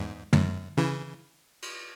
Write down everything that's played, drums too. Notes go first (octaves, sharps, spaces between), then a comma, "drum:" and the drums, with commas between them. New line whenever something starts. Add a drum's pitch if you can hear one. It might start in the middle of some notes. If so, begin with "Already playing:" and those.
Already playing: E2 G#2
F#2, drum: tom
C#3 E3
drum: cymbal